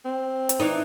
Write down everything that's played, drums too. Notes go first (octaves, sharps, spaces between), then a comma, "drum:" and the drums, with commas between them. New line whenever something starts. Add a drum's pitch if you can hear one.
C4
drum: hi-hat
E3 D4 D#4